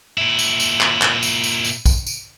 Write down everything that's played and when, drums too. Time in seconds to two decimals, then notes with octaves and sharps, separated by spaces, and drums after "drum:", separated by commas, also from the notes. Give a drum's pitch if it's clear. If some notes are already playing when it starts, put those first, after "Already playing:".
0.18 A#2 E4
0.39 drum: tambourine
0.60 drum: tambourine
0.81 drum: clap
1.02 drum: clap
1.23 drum: tambourine
1.44 drum: tambourine
1.65 drum: tambourine
1.86 drum: kick A#1, tambourine
2.06 drum: tambourine